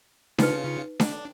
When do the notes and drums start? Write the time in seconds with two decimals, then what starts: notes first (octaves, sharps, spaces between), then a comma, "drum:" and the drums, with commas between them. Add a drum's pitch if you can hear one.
0.39 C#3 D#4 F4 B4 C#7, drum: snare D4
1.00 D4, drum: snare D4